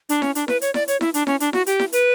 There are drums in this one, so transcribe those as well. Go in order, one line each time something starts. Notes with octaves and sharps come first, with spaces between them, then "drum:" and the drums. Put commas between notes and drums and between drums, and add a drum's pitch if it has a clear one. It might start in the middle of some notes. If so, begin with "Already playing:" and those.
D4, drum: hi-hat
C#4, drum: snare E4
D4, drum: hi-hat
B4, drum: snare E4
C#5, drum: hi-hat
D5, drum: snare E4
C#5, drum: hi-hat
E4, drum: snare E4
D4, drum: hi-hat
C#4, drum: snare E4
D4, drum: hi-hat
F#4, drum: snare E4
G4, drum: hi-hat
drum: snare E4
B4, drum: hi-hat